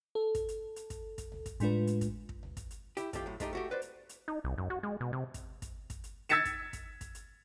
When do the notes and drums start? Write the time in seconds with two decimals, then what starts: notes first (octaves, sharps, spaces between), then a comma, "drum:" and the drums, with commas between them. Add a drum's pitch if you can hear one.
0.15 A4
0.35 drum: kick, hi-hat
0.48 drum: hi-hat
0.76 drum: hi-hat
0.90 drum: kick, hi-hat
1.18 drum: kick, hi-hat
1.32 drum: tom C#2
1.46 drum: kick, hi-hat
1.60 A2 G#3 D4 F4 B4, drum: hi-hat
1.87 drum: hi-hat
2.01 drum: kick, hi-hat
2.29 drum: kick
2.43 drum: tom C#2
2.57 drum: kick, hi-hat
2.71 drum: hi-hat
2.97 E4 G4, drum: hi-hat
3.13 D#2 A3 F4 G4, drum: kick, hi-hat
3.26 A2 F#3
3.40 G#3 A3 D#4 G4, drum: kick, hi-hat
3.53 A3 F#4 G4
3.71 B4 C5 D5
3.82 drum: hi-hat
4.09 drum: hi-hat
4.28 D#4
4.44 C2
4.58 F#2
4.70 F#4
4.83 G#3
5.01 B2
5.13 C3
5.34 drum: kick, hi-hat
5.62 drum: kick, hi-hat
5.90 drum: kick, hi-hat
6.04 drum: hi-hat
6.29 E6 G#6 A6 B6 C#7 E7, drum: hi-hat
6.45 drum: kick, hi-hat
6.73 drum: kick, hi-hat
7.01 drum: kick, hi-hat
7.15 drum: hi-hat